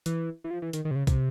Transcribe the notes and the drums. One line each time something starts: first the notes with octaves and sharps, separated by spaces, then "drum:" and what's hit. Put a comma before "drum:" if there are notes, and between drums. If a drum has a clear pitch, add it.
E3, drum: hi-hat
E3
F3
E3
D#3, drum: hi-hat
D#3
C3
C#3
C3, drum: kick, hi-hat